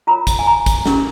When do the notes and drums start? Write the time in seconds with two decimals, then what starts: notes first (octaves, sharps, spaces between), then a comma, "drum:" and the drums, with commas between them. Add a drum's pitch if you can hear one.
0.07 F4 A#4 C#5 A#5
0.27 drum: kick G#1, hi-hat
0.39 G#5
0.47 A#5
0.66 drum: kick G#1, hi-hat
0.86 C#4 G4 A#4, drum: snare